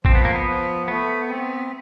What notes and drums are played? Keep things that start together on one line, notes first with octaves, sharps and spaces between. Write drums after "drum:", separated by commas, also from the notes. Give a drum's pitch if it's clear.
F3 C4, drum: kick
B3
A#3
B3
F3
A3 B3
C4